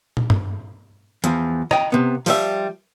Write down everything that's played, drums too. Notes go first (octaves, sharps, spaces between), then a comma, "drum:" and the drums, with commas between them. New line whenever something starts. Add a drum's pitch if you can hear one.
drum: tom
drum: tom G2
E2 F3, drum: hi-hat
D#5 G5, drum: rim click
C3 B3
F3 G3 E5, drum: open hi-hat